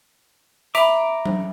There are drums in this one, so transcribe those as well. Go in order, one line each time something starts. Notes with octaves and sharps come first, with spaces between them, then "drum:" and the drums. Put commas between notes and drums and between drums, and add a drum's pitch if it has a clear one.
E5 A#5 B5 D6, drum: hi-hat
drum: tom F#3